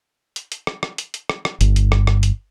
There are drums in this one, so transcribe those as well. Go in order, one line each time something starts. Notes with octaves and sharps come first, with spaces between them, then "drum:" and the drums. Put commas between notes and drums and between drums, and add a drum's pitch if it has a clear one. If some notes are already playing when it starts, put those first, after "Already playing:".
drum: hi-hat
drum: hi-hat
drum: rim click
drum: rim click
drum: hi-hat
drum: hi-hat
drum: rim click
drum: rim click
G1, drum: hi-hat
drum: hi-hat
drum: rim click
drum: rim click
drum: hi-hat